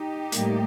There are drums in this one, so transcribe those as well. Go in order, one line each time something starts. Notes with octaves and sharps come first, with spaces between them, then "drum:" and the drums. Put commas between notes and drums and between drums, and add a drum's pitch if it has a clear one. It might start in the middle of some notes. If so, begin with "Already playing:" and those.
Already playing: D#4 G4
A2 G3 A#3, drum: hi-hat